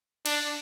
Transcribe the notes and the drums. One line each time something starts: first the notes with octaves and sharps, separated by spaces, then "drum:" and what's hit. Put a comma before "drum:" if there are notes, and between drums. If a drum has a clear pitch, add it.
D4, drum: cymbal